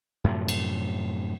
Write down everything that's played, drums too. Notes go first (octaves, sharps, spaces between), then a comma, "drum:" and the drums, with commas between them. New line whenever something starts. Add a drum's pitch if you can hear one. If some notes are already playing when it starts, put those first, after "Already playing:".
F#2 A2 C3 F3
drum: cymbal